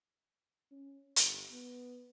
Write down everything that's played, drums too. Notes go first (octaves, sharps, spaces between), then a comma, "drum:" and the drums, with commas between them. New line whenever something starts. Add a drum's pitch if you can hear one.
C#4
G1, drum: hi-hat
B3